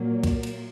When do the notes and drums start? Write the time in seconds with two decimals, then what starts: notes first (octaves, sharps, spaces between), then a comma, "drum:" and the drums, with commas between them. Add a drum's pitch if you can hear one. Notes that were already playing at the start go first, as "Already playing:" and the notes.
Already playing: A#2 F#3 A#3
0.24 drum: kick C2, cymbal
0.43 drum: cymbal